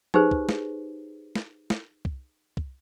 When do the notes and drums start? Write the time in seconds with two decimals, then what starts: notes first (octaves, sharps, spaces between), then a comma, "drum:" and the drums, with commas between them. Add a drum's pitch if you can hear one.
0.14 D#4 G4 G#4 B4 C5, drum: tom F3
0.31 drum: kick
0.49 drum: snare
1.35 drum: snare
1.70 drum: snare
2.05 drum: kick
2.57 drum: kick